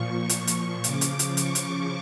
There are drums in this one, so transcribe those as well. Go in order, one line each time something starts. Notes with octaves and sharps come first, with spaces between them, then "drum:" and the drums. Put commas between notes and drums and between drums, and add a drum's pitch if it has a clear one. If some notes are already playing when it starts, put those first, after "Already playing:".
Already playing: A#2 F3 C#6
drum: hi-hat
drum: hi-hat
C#3 F3 D6, drum: hi-hat
drum: hi-hat
drum: hi-hat
C#6, drum: hi-hat
drum: hi-hat